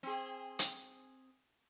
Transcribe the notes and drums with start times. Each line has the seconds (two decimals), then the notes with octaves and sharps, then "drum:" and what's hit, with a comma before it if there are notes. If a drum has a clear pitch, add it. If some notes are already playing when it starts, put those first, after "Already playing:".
0.03 C4 G#4
0.59 drum: hi-hat